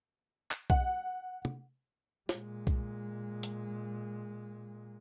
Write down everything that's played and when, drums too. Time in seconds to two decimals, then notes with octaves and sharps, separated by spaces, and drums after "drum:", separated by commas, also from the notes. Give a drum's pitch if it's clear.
0.51 drum: clap
0.70 F#5, drum: kick B1
1.45 drum: tom
2.29 A#2 G#3, drum: snare
2.67 drum: kick B1
3.43 drum: hi-hat